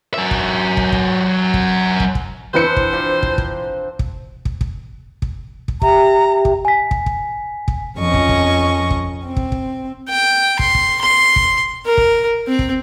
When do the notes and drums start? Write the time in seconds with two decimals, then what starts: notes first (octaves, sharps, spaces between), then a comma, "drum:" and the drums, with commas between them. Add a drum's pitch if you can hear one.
0.14 F#3 E5
0.31 drum: kick
0.77 drum: kick
0.92 drum: kick
1.54 drum: kick
2.00 drum: kick
2.15 drum: kick
2.54 E3 C4 D4 B4 C5 D5 C#7
2.77 drum: kick
2.93 F3 D4 A#5
3.23 drum: kick
3.38 drum: kick
3.99 drum: kick
4.45 drum: kick
4.61 drum: kick
5.22 drum: kick
5.68 drum: kick
5.82 G4 E5 G5 A#5, drum: kick
6.45 drum: kick
6.65 G#5 B6
6.91 drum: kick
7.06 drum: kick
7.68 drum: kick
7.97 F2 F3 C#4 D#5 C#6
8.14 drum: kick
8.29 drum: kick
8.90 drum: kick
9.25 C4
9.37 drum: kick
9.52 drum: kick
10.09 G5
10.59 C6, drum: kick
10.75 drum: kick
11.02 C6
11.36 drum: kick
11.86 A#4
11.97 drum: kick
12.47 C4
12.59 drum: kick